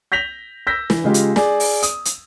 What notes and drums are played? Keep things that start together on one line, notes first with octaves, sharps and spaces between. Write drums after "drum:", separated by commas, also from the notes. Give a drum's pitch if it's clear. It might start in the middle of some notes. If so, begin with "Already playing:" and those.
G6 A#6 B6 F7 G7
E6 G6 A#6 B6
E3, drum: snare
C#3 G#3 F4 G4
drum: hi-hat
G#4 D5, drum: snare
drum: open hi-hat
D#6, drum: hi-hat
drum: hi-hat